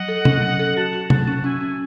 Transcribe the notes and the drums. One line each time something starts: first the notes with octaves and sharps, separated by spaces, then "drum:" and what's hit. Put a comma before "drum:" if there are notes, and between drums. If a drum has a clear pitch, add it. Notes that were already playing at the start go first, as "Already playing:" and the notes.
Already playing: F#3 D#5 F#5
A4
C#4, drum: tom
F#3
A4
F#4 F#5 A5
F#4
F#3 F#5 A5, drum: tom
C#4
C#4 E5 G#5
C#4